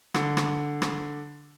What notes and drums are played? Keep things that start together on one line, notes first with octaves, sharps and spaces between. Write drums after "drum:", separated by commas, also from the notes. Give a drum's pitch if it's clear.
D3, drum: rim click
drum: rim click
drum: rim click